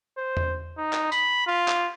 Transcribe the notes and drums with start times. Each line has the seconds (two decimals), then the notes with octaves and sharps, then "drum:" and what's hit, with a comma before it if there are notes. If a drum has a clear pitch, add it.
0.18 C5
0.37 drum: tom E2
0.78 D#4
0.93 drum: clap
1.12 B5, drum: tambourine
1.47 F4
1.68 drum: clap